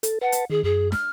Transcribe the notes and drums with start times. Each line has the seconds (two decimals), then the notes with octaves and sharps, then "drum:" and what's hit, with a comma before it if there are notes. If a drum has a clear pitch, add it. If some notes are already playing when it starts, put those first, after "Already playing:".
0.03 A4, drum: hi-hat
0.21 B4 F#5 A5
0.32 drum: hi-hat
0.50 D#3 G#4
0.64 F#2 G#4
0.92 F6, drum: snare